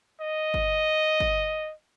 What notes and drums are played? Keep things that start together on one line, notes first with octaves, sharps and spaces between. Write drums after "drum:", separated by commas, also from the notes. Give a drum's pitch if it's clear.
D#5
drum: kick G1
drum: kick G1